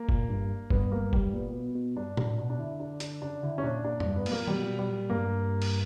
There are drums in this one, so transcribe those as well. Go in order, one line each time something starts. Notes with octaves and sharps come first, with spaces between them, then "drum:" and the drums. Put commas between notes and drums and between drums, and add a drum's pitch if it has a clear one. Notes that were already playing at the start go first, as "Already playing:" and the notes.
Already playing: A#3
A#2, drum: kick F#1
G2
G2 B3, drum: kick F#1
A#3
G3, drum: kick F#1
A#2 B3
B2
B2
G2 D4
A#2 D4, drum: tom A2
B2 D4
D4
D3 E4
D4
D4, drum: hi-hat
C#3 D4
D3 E4
C#4
A#2 D4
A#2 D4
D4, drum: tom F2
G2
B3
A#2, drum: cymbal
A#3
B2 G3, drum: tom
A#2
B2
G3
A#2
G2 A#3
drum: cymbal